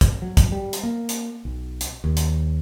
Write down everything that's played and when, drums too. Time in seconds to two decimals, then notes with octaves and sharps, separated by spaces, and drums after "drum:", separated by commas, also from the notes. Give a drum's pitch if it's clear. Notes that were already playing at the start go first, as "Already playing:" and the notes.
0.01 drum: kick, hi-hat
0.22 F#3
0.37 drum: kick, hi-hat
0.52 G3
0.73 drum: hi-hat
0.83 A#3
1.09 drum: hi-hat
1.45 B1
1.81 drum: hi-hat
2.04 D#2
2.17 drum: hi-hat